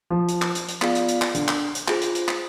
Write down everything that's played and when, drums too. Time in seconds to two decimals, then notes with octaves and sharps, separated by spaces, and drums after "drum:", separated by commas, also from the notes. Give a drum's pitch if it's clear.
0.11 F3
0.28 drum: hi-hat
0.42 drum: clap
0.55 drum: hi-hat
0.68 drum: hi-hat
0.82 B3 F4 G#4 D5 F5, drum: clap
0.95 drum: hi-hat
1.08 drum: hi-hat
1.22 drum: clap
1.35 D3, drum: hi-hat
1.48 drum: clap
1.75 drum: hi-hat
1.88 F4 G#4 C5, drum: clap
2.02 drum: hi-hat
2.15 drum: hi-hat
2.28 drum: clap